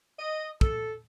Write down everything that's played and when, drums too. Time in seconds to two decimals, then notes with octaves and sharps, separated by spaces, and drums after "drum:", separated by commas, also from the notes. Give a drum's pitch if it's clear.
0.19 D#5
0.61 A4, drum: kick